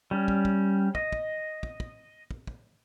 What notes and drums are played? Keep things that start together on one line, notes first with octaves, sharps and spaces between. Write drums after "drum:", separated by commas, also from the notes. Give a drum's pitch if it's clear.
G3 C#4
drum: kick
drum: kick
D#5, drum: kick
drum: kick
drum: kick
drum: kick
drum: kick
drum: kick